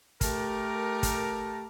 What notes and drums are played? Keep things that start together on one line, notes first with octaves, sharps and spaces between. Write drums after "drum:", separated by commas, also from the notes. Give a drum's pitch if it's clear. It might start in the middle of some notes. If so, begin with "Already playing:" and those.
A3 G4 A#4, drum: kick, hi-hat
drum: kick, hi-hat